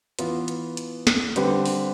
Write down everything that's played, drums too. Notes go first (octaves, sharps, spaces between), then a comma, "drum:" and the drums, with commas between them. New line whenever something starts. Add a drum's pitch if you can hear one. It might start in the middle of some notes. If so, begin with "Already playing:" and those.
E3 B3 F4 B4, drum: hi-hat
drum: hi-hat
drum: hi-hat
drum: snare
D3 G3 C4 G4 B4, drum: hi-hat
drum: open hi-hat